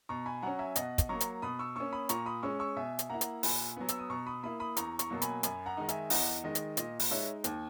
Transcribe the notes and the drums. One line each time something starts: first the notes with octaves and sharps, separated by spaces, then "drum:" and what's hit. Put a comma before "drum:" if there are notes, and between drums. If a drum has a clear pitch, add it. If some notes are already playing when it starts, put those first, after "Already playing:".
B2 A#5 C#6
G#5 B5
F#3 C#4 F#5 A#5
E5 G#5
B2 D#5 F#5, drum: hi-hat
drum: kick, hi-hat
F#3 A#3 A#5 C#6
drum: hi-hat
B2 B5 D#6
C#6 E6
A#3 C#4 C#6 E6
B5 D#6
A#2 A#5 C#6, drum: hi-hat
B5 D#6
G#3 C#4 C#6 E6
C#6 E6
B2 E5 G#5
drum: hi-hat
A#3 E4 F#5 A#5
drum: hi-hat
A#2 G#5 B5, drum: open hi-hat
F#3 B3
E6, drum: hi-hat
D#6
B2 A#5 C#6
B5 D#6
A#3 E4 B5 D#6
B5 D#6
E2 A#5 C#6, drum: hi-hat
A#5 C#6, drum: hi-hat
B2 F#3 A#3
G#5 B5, drum: hi-hat
F#2 G#5 B5, drum: hi-hat
F#5 A#5
D#3 G#3 D#4
E5 G#5, drum: hi-hat
E2 D#5 F#5, drum: open hi-hat
D#3 G#3 D#5
drum: hi-hat
A#2 D#5, drum: hi-hat
drum: open hi-hat
G#3 D#4 C#5 E5
D#2, drum: hi-hat